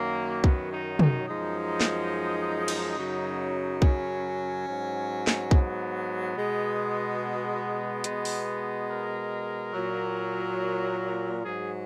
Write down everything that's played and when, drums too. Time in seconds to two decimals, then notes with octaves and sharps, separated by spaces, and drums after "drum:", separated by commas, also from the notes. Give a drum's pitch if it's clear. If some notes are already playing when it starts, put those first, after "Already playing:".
Already playing: F#2 D#3 F#3 A#3
0.44 B3, drum: kick B1
0.72 D#4
0.99 D#4, drum: tom
1.28 F#2 F3 G#3 D#4
1.81 drum: snare
2.68 drum: cymbal
2.97 F#2 C#3 F#3
3.82 C#4, drum: kick B1
4.66 G#2 F#3
5.27 drum: snare
5.51 B3, drum: kick B1
6.35 B2 G#3
8.04 B2 G#3, drum: hi-hat
8.25 drum: open hi-hat
8.89 A#4
9.74 A#2 F#3
11.42 G#2 F#3 G#4